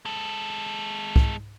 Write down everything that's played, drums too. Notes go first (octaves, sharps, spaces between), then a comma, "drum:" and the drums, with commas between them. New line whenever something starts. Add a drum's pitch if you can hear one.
G#3 A4
drum: kick C2